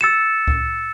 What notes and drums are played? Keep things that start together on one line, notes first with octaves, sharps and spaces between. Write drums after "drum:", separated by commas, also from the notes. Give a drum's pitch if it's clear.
E6 A6 C#7 E7
drum: kick C#2